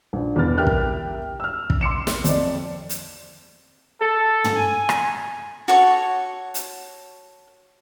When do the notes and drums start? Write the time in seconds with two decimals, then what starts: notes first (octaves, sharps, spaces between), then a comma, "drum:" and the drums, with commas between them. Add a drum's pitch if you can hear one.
0.13 A#1
0.35 E1 E2 G2 B3 F6 A6
0.58 G4 A#4 E5 G5 F6 F#6
0.67 drum: kick
1.40 E6 F6
1.70 drum: kick
1.81 C6 D6 C#7 E7
2.07 drum: snare
2.24 F2 D5, drum: hi-hat
2.89 drum: hi-hat
4.00 A4
4.44 drum: tom
4.55 G#5
4.89 drum: rim click
5.68 F#4 A4 C#5 C#6
6.54 drum: hi-hat